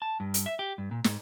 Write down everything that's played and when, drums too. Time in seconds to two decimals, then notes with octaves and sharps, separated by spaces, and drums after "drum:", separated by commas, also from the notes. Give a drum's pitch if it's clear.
0.02 A5
0.20 G2
0.34 drum: hi-hat
0.46 E5
0.59 G4
0.78 G2
0.91 A#2
1.04 G#2, drum: snare